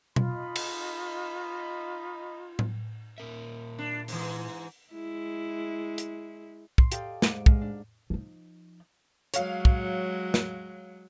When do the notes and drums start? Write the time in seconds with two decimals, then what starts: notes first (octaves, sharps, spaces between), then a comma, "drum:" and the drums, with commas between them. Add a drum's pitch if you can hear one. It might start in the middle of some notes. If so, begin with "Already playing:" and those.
0.16 D#4 F4 D#5 B5, drum: tom B2
0.56 drum: cymbal
2.59 drum: tom A2
3.18 A#2 A#4 E5
3.78 D4
4.08 G#2 E3, drum: open hi-hat
4.92 G#3 E4
5.98 drum: hi-hat
6.78 C6, drum: kick
6.92 G4 A4 D5 D#5 F5 G5, drum: hi-hat
7.22 G#2 D6, drum: snare
7.46 G#3 F6, drum: kick
7.61 D4
8.10 F3 D#4
9.34 F#3 G#3 C#5 F5, drum: hi-hat
9.65 drum: kick
10.34 drum: snare